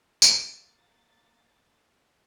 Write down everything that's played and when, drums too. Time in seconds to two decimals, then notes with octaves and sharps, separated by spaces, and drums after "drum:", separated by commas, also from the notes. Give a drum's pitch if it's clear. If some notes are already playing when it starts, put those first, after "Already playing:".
0.22 A#3 A6, drum: tambourine